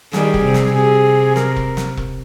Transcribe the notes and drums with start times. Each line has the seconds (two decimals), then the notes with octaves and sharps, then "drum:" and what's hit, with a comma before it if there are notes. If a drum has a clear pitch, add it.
0.13 D#3 G3 G#4, drum: snare
0.34 drum: kick E1
0.44 C3
0.54 drum: snare
0.75 C3 G#4
1.36 A#4, drum: snare
1.56 drum: kick E1
1.77 drum: snare
1.97 drum: kick E1